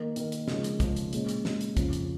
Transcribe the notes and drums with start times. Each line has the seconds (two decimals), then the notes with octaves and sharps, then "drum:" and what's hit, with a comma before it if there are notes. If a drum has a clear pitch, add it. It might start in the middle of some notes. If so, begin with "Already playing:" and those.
Already playing: D#3 A#3 D#4 A#4
0.16 D#3 A#3 D#4 A#4, drum: hi-hat
0.32 drum: hi-hat
0.48 C#3 F3 G#3 C#4, drum: snare
0.64 drum: hi-hat
0.80 C#3 F3 G#3 C#4, drum: kick, hi-hat
0.96 drum: hi-hat
1.13 A#2 G#3 C#4, drum: hi-hat
1.29 drum: hi-hat
1.45 A#2 G#3 C#4, drum: snare
1.61 drum: hi-hat
1.77 F2 C#3 F3 C#4, drum: kick, hi-hat
1.93 drum: hi-hat